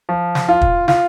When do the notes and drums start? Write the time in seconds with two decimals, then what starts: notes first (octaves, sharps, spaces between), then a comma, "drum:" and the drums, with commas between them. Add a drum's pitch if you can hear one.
0.09 F3
0.35 drum: snare
0.49 F4
0.61 drum: kick
0.88 F4, drum: snare